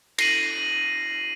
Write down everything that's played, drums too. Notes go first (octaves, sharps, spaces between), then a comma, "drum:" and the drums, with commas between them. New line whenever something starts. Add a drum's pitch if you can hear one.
A#6 C7 D#7 F#7, drum: cymbal